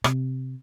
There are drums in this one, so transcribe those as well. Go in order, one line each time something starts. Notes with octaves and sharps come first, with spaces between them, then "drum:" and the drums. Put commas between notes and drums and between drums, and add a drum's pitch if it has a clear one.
C3, drum: rim click